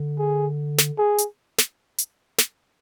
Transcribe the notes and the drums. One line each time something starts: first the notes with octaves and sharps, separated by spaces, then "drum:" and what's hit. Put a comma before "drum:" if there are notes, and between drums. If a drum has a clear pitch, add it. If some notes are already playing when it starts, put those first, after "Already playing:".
Already playing: D3
G#4
drum: snare
G#4
drum: hi-hat
drum: snare
drum: hi-hat
drum: snare